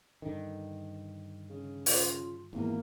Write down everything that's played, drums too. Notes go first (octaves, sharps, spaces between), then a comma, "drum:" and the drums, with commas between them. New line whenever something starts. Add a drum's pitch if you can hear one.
G2 D3 D#3
C#3
F4, drum: open hi-hat
G#1 E2 A#3